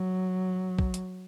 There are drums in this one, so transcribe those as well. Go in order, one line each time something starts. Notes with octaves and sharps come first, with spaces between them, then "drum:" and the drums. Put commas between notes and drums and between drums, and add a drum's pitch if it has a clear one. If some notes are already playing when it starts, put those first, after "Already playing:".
Already playing: F#3
drum: kick
drum: hi-hat